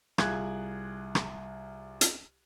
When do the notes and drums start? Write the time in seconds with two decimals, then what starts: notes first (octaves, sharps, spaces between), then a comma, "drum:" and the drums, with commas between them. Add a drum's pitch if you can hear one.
0.18 C2 F4 G#4 F#6 G#6, drum: rim click
1.15 drum: rim click
2.01 drum: hi-hat